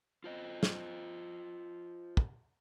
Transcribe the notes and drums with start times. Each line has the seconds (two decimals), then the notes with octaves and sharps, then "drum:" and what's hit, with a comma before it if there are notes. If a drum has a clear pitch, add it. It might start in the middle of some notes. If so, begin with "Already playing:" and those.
0.24 F4 C5 D#5
0.63 drum: snare
2.17 drum: kick